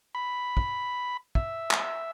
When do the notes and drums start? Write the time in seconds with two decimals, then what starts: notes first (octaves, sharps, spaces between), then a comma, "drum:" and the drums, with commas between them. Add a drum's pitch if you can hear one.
0.15 B5
0.57 drum: kick
1.35 E5, drum: kick
1.71 drum: clap